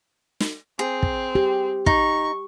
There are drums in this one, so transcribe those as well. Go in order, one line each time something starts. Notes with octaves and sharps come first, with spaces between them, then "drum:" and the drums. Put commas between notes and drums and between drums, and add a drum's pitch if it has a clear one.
drum: snare
C4 G#4
drum: kick
G4
D#4 C#6, drum: kick